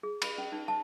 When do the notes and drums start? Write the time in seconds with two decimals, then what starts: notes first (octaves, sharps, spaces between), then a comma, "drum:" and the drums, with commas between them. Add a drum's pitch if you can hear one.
0.03 G#4
0.22 B5, drum: cymbal
0.38 C#4
0.52 D#4
0.68 A5